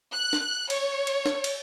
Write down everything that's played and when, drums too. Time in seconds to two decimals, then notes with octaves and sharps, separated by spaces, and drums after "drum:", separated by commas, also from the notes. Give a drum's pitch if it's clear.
0.14 F#6
0.33 drum: snare
0.70 C#5, drum: cymbal
1.07 drum: cymbal
1.26 drum: snare
1.44 drum: cymbal